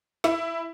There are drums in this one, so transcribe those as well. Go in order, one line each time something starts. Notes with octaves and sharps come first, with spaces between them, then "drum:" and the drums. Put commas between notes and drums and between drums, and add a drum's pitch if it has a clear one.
E4, drum: snare